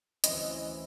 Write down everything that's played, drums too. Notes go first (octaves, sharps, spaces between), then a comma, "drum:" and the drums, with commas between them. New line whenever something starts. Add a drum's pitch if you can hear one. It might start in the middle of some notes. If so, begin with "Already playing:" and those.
D2 E3 C4 C#4 E4 D#5, drum: hi-hat